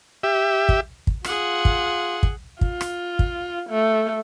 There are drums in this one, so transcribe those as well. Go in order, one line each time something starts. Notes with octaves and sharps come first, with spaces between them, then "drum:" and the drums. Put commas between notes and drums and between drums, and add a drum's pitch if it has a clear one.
G4 E5
drum: kick
drum: kick
F4 G#4 F#5, drum: rim click
drum: kick
drum: kick
F4, drum: kick
drum: rim click
drum: kick
A3